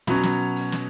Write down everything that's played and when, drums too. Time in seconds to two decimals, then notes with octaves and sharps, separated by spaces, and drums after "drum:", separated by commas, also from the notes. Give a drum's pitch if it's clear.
0.07 B2 F#3 C#4, drum: snare
0.23 drum: snare
0.56 drum: open hi-hat
0.72 drum: snare